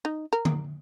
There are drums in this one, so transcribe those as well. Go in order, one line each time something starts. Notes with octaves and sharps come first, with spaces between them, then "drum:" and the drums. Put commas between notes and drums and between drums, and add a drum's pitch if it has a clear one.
D#4
A#4
drum: tom D3